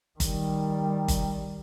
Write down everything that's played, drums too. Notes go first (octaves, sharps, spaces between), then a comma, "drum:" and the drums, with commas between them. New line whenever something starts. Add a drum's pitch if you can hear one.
D#3 G3, drum: kick G1, hi-hat
drum: kick G1, hi-hat